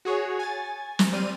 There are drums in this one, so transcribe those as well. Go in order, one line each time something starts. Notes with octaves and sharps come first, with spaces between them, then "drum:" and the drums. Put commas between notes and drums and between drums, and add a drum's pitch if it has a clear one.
F#4 G#4 C#5
G#5 A6
drum: snare
G3 C4 D5 F6 D#7